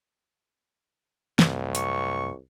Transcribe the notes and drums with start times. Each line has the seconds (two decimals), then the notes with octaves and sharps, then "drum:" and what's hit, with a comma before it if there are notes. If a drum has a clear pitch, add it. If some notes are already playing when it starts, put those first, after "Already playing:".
1.39 C2 F#2 C3 A3, drum: snare
1.75 C#6, drum: hi-hat